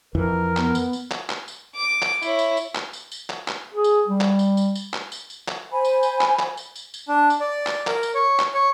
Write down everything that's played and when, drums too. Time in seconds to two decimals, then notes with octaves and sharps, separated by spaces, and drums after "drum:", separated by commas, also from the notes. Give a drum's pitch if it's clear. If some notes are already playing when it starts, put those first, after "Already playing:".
0.15 F2 E3 A#4
0.57 B3, drum: clap
0.75 drum: tambourine
0.93 drum: tambourine
1.11 drum: clap
1.30 drum: clap
1.48 drum: tambourine
1.76 D6
2.02 drum: clap
2.22 E4 C#5, drum: tambourine
2.39 drum: tambourine
2.57 drum: tambourine
2.75 drum: clap
2.93 drum: tambourine
3.12 drum: tambourine
3.30 drum: clap
3.48 drum: clap
3.74 G#4
3.84 drum: tambourine
4.07 G3
4.21 drum: clap
4.39 drum: tambourine
4.57 drum: tambourine
4.75 drum: tambourine
4.94 drum: clap
5.12 drum: tambourine
5.30 drum: tambourine
5.48 drum: clap
5.72 C5 G#5 B5
5.85 drum: tambourine
6.03 drum: tambourine
6.21 drum: clap
6.39 drum: clap
6.57 drum: tambourine
6.76 drum: tambourine
6.94 drum: tambourine
7.08 D4
7.30 drum: tambourine
7.40 D5
7.67 drum: clap
7.87 A#4, drum: clap
8.03 drum: tambourine
8.15 C#5
8.39 drum: clap
8.54 C#5